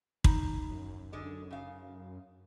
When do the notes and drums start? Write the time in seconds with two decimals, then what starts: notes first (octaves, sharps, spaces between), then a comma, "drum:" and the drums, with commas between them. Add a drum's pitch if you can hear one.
0.24 D#4 B5, drum: kick
0.71 F#2
1.13 D3 G#3 D4
1.51 C#3 F5